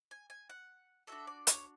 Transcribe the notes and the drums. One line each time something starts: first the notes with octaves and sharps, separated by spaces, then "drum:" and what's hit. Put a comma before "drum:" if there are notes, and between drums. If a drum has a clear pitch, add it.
G#5
G#5
F#5
D4 F#4 A4 E5
D5
C#5, drum: hi-hat